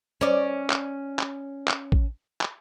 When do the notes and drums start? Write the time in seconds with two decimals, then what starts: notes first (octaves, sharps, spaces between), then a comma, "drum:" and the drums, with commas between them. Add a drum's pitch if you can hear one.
0.21 C#4 D5
0.70 drum: clap
1.19 drum: clap
1.68 drum: clap
1.92 drum: kick A1
2.41 drum: clap